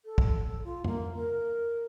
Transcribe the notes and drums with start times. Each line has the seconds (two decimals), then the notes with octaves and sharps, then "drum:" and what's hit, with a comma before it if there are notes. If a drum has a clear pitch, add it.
0.05 A4
0.18 drum: kick
0.64 F4
0.84 A#3, drum: tom F2
1.15 A#4